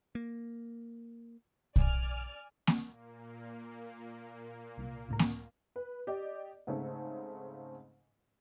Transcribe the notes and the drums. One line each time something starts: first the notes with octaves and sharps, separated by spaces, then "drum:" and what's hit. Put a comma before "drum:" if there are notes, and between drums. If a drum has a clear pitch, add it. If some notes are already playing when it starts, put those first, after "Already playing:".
A#3
D5 G#5 F6, drum: kick
drum: snare A#3
A#2 A#3
C2
C#2 A2 A#4
drum: snare A#3
B4
G4 D5 D#5
G#2 C#3 A3 C4